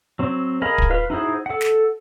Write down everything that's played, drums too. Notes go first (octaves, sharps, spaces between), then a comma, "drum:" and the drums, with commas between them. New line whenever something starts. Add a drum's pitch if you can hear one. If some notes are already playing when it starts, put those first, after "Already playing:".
F#3 C4
G#4 A#4 D#5 F5 B5
drum: kick
F4 B4 F5
D#4 E4 F#4 G#4 C5
A4 F#5
drum: snare